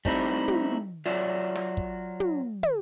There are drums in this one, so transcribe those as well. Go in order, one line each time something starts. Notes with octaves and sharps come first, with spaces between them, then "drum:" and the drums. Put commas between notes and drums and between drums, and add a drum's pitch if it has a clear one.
G3 A3 C4 D#4 E4, drum: kick
drum: tom
F#3 F4 D5 E5
drum: snare
drum: kick
drum: tom
drum: tom